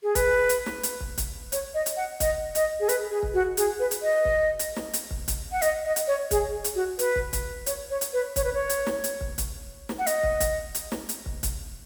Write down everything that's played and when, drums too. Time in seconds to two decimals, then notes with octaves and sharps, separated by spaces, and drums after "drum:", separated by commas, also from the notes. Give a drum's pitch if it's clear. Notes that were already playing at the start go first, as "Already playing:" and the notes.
0.03 G#4
0.15 B4, drum: kick, hi-hat
0.49 drum: hi-hat
0.66 drum: snare
0.83 drum: hi-hat
1.00 drum: kick
1.18 drum: kick, hi-hat
1.52 C#5, drum: hi-hat
1.74 D#5
1.86 drum: hi-hat
1.97 F#5
2.20 D#5, drum: kick, hi-hat
2.55 D#5, drum: hi-hat
2.80 G#4
2.89 B4, drum: hi-hat
3.11 G#4
3.23 drum: kick
3.34 F#4
3.57 G#4, drum: hi-hat
3.80 B4
3.91 drum: hi-hat
4.03 D#5
4.25 drum: kick
4.59 drum: hi-hat
4.76 drum: snare
4.94 drum: hi-hat
5.11 drum: kick
5.28 drum: kick, hi-hat
5.52 F#5
5.62 D#5, drum: hi-hat
5.85 D#5
5.96 drum: hi-hat
6.08 C#5
6.31 G#4, drum: kick, hi-hat
6.64 drum: hi-hat
6.75 F#4
6.99 B4, drum: hi-hat
7.16 drum: kick
7.33 drum: kick, hi-hat
7.66 C#5, drum: hi-hat
7.90 C#5
8.01 drum: hi-hat
8.13 B4
8.36 C#5, drum: kick, hi-hat
8.44 B4
8.53 C#5
8.69 drum: hi-hat
8.87 drum: snare
9.04 drum: hi-hat
9.21 drum: kick
9.38 drum: kick, hi-hat
9.89 drum: snare
9.99 F#5
10.07 D#5, drum: hi-hat
10.23 drum: kick
10.40 drum: kick, hi-hat
10.75 drum: hi-hat
10.92 drum: snare
11.09 drum: hi-hat
11.26 drum: kick
11.43 drum: kick, hi-hat